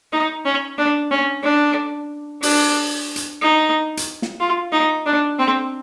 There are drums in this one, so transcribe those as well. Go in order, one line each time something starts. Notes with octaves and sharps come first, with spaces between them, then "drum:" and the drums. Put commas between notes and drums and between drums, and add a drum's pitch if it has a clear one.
D#4
C#4
D4
C#4
D4
D4, drum: open hi-hat
drum: hi-hat
D#4
drum: hi-hat
drum: snare
F4
D#4
D4
C4